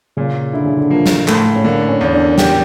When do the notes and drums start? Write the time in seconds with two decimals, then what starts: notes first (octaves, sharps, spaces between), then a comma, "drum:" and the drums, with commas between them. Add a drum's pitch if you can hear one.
0.17 A#2 C#3
0.53 D3 E4
0.66 C#3
0.77 D3
0.90 F3 A#3
1.06 drum: snare
1.28 A2 A3, drum: clap
1.56 C#4
1.64 D3 A#3
1.88 C#4
2.01 E2
2.13 D4
2.38 G4, drum: snare